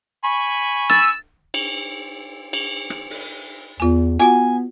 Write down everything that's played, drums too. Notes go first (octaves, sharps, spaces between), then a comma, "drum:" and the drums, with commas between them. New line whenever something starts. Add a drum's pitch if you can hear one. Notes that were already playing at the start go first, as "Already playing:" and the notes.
G#5 B5 C#6
E6 A6, drum: snare
drum: cymbal
drum: cymbal
drum: rim click
drum: open hi-hat
E2 F4 G#5
B3 F4 F#4 F#5 G#5